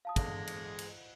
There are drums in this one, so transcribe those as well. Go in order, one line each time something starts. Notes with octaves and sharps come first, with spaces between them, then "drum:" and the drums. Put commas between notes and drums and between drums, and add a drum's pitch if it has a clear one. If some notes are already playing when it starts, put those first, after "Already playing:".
F5 A5 D#6
E2 D3 G#3, drum: kick, cymbal
drum: cymbal
drum: cymbal